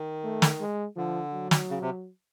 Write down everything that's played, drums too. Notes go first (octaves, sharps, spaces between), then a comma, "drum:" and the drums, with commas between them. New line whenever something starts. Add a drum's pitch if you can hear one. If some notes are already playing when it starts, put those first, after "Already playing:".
Already playing: D#3
A3
drum: snare
G#3
D3 F3
F#3
drum: snare
C#3
C3